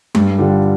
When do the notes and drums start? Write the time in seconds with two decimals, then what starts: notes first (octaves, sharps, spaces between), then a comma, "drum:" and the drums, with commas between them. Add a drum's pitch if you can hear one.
0.15 G2, drum: tom G3
0.38 D3 G3 D4 F4